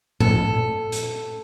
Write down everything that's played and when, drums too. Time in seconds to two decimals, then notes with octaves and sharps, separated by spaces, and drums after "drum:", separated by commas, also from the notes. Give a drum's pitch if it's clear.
0.20 A4, drum: tom A2
0.92 drum: hi-hat